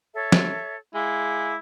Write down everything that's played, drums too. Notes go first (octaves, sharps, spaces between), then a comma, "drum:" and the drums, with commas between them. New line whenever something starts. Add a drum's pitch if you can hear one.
A4 C#5 E5
drum: snare
G#3 E4 F5 D6